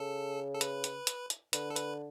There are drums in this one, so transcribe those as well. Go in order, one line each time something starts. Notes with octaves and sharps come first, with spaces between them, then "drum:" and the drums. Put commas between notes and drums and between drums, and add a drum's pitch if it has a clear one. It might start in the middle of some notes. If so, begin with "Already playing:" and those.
Already playing: C#3 A4
A4
B4, drum: hi-hat
drum: hi-hat
drum: hi-hat
drum: hi-hat
D3 B4, drum: hi-hat
A4
B4, drum: hi-hat